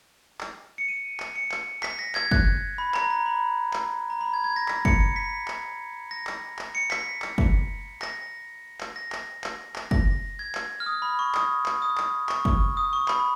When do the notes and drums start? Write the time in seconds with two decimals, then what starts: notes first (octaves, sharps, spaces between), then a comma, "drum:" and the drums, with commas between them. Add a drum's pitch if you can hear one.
0.41 drum: clap
0.78 C#7
0.88 D#7
1.20 drum: clap
1.36 C#7
1.52 drum: clap
1.83 B6, drum: clap
1.99 A#6
2.15 G#6, drum: clap
2.31 F#6, drum: kick
2.78 B5
2.94 A#5, drum: clap
3.10 A#5
3.26 B5
3.73 drum: clap
4.10 A#5
4.21 B5
4.34 G#6
4.44 G#6
4.56 A#6
4.68 B6, drum: clap
4.85 C#7, drum: kick
5.01 C#7
5.16 B6
5.48 drum: clap
6.11 A#6
6.27 drum: clap
6.59 drum: clap
6.75 C#7
6.91 B6, drum: clap
7.22 drum: clap
7.38 drum: kick
8.02 A#6, drum: clap
8.81 drum: clap
8.96 A#6
9.12 drum: clap
9.44 drum: clap
9.76 drum: clap
9.91 A#6, drum: kick
10.39 G#6
10.55 drum: clap
10.80 F6
10.86 D#6
11.02 B5
11.19 C#6
11.35 D#6, drum: clap
11.66 drum: clap
11.82 D#6
11.98 drum: clap
12.29 C#6, drum: clap
12.45 drum: kick
12.77 D#6
12.93 C#6
13.08 B5, drum: clap